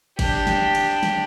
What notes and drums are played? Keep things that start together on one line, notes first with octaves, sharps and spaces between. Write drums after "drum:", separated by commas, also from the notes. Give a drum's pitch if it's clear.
D4 G4, drum: kick, cymbal
drum: snare
drum: cymbal
drum: snare